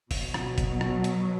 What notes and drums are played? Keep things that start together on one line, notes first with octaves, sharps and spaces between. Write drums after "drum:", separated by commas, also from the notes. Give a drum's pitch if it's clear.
B2 F#3, drum: kick, open hi-hat
drum: rim click
drum: kick, hi-hat
drum: rim click
drum: hi-hat